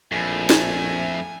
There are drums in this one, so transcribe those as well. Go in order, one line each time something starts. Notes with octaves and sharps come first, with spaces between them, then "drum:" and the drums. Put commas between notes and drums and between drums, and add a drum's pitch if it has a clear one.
A#1 F2 A3 E4 G#5
drum: snare